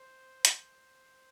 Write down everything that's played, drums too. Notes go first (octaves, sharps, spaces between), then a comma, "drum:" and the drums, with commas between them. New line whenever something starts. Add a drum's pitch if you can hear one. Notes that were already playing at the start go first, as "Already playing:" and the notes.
Already playing: C5
C5, drum: hi-hat